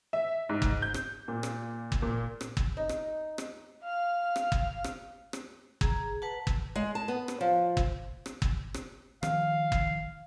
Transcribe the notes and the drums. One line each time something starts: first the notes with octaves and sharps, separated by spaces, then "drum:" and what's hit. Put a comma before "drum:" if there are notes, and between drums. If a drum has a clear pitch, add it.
E5
G#2
drum: kick
G6
drum: rim click
A#2
drum: rim click
drum: kick
A#2
drum: rim click
drum: kick
D#4
drum: rim click
drum: rim click
F5 F6
drum: rim click
drum: kick
drum: rim click
drum: rim click
G#4 A#5, drum: kick
B4 F#5 A5
drum: kick
G#3
A5
B3
drum: rim click
F3
drum: kick
drum: rim click
drum: kick
drum: rim click
D#3 F3 F5, drum: rim click
drum: kick